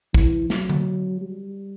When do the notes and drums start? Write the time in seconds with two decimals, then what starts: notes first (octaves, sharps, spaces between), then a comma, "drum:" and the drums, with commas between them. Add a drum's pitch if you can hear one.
0.14 E3, drum: kick
0.50 F#3, drum: snare
0.69 drum: tom D3
1.21 G3